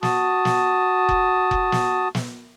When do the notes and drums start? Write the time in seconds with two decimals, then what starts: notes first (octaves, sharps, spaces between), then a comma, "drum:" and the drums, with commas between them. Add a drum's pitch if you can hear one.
0.03 F#4 A5 D#6, drum: snare
0.45 drum: snare
1.09 drum: kick F1
1.51 drum: kick F1
1.72 drum: snare
2.15 drum: snare